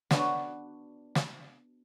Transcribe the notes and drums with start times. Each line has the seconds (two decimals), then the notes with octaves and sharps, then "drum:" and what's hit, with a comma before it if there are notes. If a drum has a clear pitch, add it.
0.11 B3 D4 F#4, drum: snare
1.15 drum: snare